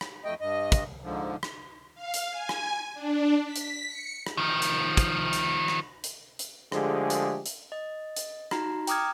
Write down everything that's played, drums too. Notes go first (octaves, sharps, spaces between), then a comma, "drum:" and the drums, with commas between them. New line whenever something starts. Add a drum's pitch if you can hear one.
drum: rim click
F2 A3 D#5 G5
G2 D#5
drum: kick, hi-hat
G#2 D3 F3
drum: rim click
F5
drum: hi-hat
G#5
drum: rim click
D4
B6
drum: hi-hat
C#7
drum: rim click
D#3 F3
drum: hi-hat
drum: kick, hi-hat
drum: hi-hat
drum: rim click
drum: hi-hat
drum: hi-hat
D3 F3 G#3 A3 G4 G#4, drum: rim click
drum: hi-hat
drum: hi-hat
D#5
drum: hi-hat
D#4 F#4 A#5, drum: rim click
G5 A#5 D6 D#6 F6 G#6, drum: hi-hat